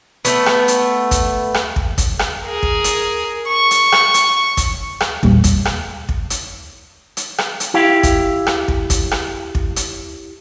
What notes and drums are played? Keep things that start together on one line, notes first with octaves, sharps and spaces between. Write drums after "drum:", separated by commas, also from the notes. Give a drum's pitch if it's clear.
A3 B3, drum: hi-hat
drum: rim click
drum: hi-hat
drum: kick, hi-hat
drum: rim click
drum: kick
drum: kick, hi-hat
drum: rim click
G#4 A#4
drum: kick
drum: hi-hat
C#6
drum: hi-hat
drum: rim click
drum: hi-hat
drum: kick, hi-hat
drum: rim click
E2 A#2 G3, drum: kick
drum: kick, hi-hat
drum: rim click
drum: kick
drum: hi-hat
drum: hi-hat
drum: rim click
drum: hi-hat
E4 G4 F5
drum: kick, hi-hat
drum: rim click
drum: kick
drum: kick, hi-hat
drum: rim click
drum: kick
drum: hi-hat